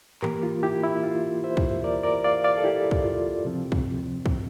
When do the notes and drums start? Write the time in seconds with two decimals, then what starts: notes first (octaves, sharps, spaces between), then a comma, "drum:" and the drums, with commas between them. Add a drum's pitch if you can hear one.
0.22 A2 E3 A#3 G4 A#4, drum: clap
0.43 F4
0.63 E4 G4
0.84 E4
1.04 F4
1.44 C5 E5
1.57 drum: kick
1.84 A#4 D5
2.03 A#4 D5
2.24 D5 F5
2.44 D5 F5
2.58 A4
2.64 E4 G4
2.91 drum: kick
3.04 F4
3.45 C3 F3 C4
3.72 drum: kick
4.26 drum: kick